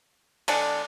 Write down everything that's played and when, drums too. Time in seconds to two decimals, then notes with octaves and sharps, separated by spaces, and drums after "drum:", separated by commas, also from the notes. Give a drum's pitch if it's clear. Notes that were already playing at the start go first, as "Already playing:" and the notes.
0.48 D3 G#3 D4, drum: cymbal